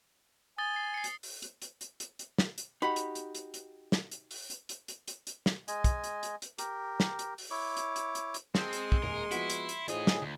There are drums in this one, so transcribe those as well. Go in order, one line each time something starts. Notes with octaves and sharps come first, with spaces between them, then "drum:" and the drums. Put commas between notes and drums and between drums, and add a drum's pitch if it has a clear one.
G#5 D#6 A6 G7
C7
C7 C#7
drum: hi-hat
drum: open hi-hat
drum: hi-hat
drum: hi-hat
drum: hi-hat
drum: hi-hat
drum: hi-hat
drum: snare
drum: hi-hat
D#4 F#4 G4 B5
drum: hi-hat
drum: hi-hat
drum: hi-hat
drum: hi-hat
drum: snare
drum: hi-hat
drum: open hi-hat
drum: hi-hat
drum: hi-hat
drum: hi-hat
drum: hi-hat
drum: hi-hat
drum: snare
G#3 D#5 G#5, drum: hi-hat
drum: kick, hi-hat
drum: hi-hat
drum: hi-hat
drum: hi-hat
G4 A#4, drum: hi-hat
drum: snare
drum: hi-hat
drum: open hi-hat
E4 C#5 D6
drum: hi-hat
drum: hi-hat
drum: hi-hat
drum: hi-hat
G#3 C4 A5 C6 D#6 G6, drum: snare
drum: hi-hat
drum: kick
D#1 G#4 A#4
F3 B3 E4 F#4, drum: hi-hat
drum: hi-hat
drum: hi-hat
A2 E3 D#4 F4 G#4 C5 G#5, drum: hi-hat
drum: snare
D2